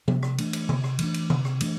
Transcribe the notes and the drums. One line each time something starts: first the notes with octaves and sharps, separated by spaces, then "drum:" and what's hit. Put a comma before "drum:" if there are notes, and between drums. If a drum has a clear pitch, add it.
C3, drum: tom F3
drum: rim click
E3 A3 D4, drum: cymbal
drum: cymbal
C3, drum: tom D3
drum: rim click
E3 A3 D4, drum: cymbal
drum: cymbal
C3, drum: tom D3
drum: rim click
E3 A3 D4, drum: cymbal